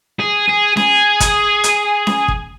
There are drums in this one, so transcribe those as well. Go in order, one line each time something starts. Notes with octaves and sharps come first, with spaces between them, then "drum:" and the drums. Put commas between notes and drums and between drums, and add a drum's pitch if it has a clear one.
G#4
G#4
G#4, drum: snare C#4
drum: kick, hi-hat
drum: hi-hat
drum: snare C#4
drum: kick